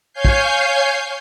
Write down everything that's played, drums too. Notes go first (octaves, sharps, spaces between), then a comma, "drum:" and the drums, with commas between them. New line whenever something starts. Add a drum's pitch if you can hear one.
C#5 F5 G#5 G6 C7
drum: kick